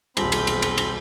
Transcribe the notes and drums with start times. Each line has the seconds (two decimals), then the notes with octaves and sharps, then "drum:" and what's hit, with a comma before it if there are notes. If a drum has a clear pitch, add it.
0.17 D#1 B1 E2 C4 B5, drum: cymbal
0.32 drum: cymbal
0.47 drum: cymbal
0.62 drum: cymbal
0.78 drum: cymbal